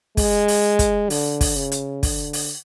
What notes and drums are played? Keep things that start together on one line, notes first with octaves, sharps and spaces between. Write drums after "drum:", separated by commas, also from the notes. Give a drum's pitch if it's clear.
G#3, drum: kick, open hi-hat
drum: open hi-hat
drum: kick, hi-hat
D3, drum: open hi-hat
drum: kick, open hi-hat
C#3
drum: hi-hat
D3, drum: kick, open hi-hat
drum: open hi-hat